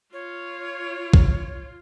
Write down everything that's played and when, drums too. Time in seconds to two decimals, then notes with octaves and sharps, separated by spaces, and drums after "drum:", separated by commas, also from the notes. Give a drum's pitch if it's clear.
0.13 F4 C#5
1.14 drum: kick